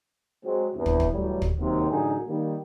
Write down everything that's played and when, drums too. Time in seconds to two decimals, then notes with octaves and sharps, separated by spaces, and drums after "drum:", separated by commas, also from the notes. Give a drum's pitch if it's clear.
0.44 F#3 G#3 C4
0.75 E2 G2 C3
0.86 drum: kick
1.00 drum: kick
1.12 A1 F#3 G3
1.42 drum: kick
1.59 D#2 C3 F#3
1.90 A1 F#2 D3 D#4 F#4 G#4
2.28 D#3 G3 A#3